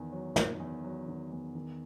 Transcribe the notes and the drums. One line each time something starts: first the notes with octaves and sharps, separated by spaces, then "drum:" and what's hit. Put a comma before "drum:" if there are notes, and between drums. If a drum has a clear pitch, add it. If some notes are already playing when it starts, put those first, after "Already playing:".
Already playing: E2 D#3
F#3
D#3, drum: snare
E2
F#3
D#3
E2
D#3